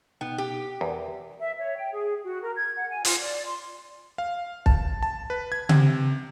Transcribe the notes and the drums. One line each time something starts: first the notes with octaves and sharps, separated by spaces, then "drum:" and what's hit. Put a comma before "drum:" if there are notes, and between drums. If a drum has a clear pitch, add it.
B2 B3 D#4 G5
G4
E2 A#4 D5
E5
C#5
G5
G#4
F#4
A#4
G#6
F#5
G#5
F4, drum: hi-hat
D5
C6
F5
A5, drum: kick
A5
B4
G#6
C3, drum: tom C#3